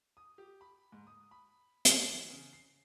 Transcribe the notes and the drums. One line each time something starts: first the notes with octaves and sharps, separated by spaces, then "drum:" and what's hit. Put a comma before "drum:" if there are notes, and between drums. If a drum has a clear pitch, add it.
D#6
G4
B5
G#2
D#6
B5
drum: hi-hat
E3
C#3
C7